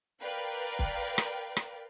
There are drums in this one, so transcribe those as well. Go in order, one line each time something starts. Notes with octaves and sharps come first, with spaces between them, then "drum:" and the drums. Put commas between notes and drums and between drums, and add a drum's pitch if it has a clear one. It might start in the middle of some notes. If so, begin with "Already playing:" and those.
A#4 B4 D5 F5 G5
drum: kick
drum: rim click
drum: rim click